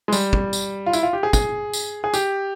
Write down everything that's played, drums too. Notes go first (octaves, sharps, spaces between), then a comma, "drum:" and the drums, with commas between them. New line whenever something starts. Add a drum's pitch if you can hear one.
G#3
G3, drum: tambourine
drum: kick
drum: tambourine
F4
E4, drum: tambourine
F4
G4
G#4
G#4, drum: kick, tambourine
drum: tambourine
G#4
G4, drum: tambourine